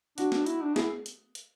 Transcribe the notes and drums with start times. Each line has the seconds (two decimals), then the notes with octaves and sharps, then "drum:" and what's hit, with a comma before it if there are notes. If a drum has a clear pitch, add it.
0.18 D4 F#4, drum: hi-hat
0.32 D4, drum: snare
0.46 E4, drum: hi-hat
0.62 D4
0.76 E4 G#4, drum: snare
1.06 drum: hi-hat
1.35 drum: hi-hat